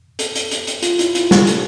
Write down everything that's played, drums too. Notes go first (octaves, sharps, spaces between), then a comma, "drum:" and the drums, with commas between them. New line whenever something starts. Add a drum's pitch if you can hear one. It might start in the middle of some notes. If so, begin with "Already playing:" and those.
A4, drum: hi-hat
drum: hi-hat
drum: hi-hat
drum: hi-hat
F4, drum: hi-hat
E4, drum: hi-hat
F4, drum: hi-hat
G4, drum: snare
A4, drum: hi-hat